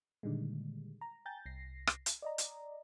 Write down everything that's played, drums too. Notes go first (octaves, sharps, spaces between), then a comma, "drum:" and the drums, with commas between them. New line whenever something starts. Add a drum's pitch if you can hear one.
A#2 D3 D#3 G3 G#3
A#5
G5 G#5 A#5 G6 A6
C2 A#6 C7
drum: rim click
drum: hi-hat
D5 D#5 A#5
drum: hi-hat